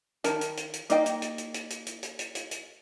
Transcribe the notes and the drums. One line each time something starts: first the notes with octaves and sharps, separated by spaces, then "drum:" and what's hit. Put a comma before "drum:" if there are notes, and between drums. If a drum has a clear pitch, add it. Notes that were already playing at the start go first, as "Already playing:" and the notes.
D#3 A#4 A5, drum: hi-hat
drum: hi-hat
drum: hi-hat
drum: hi-hat
A#3 D#4 D#5 G5, drum: hi-hat
drum: hi-hat
drum: hi-hat
drum: hi-hat
drum: hi-hat
drum: hi-hat
drum: hi-hat
drum: hi-hat
drum: hi-hat
drum: hi-hat
drum: hi-hat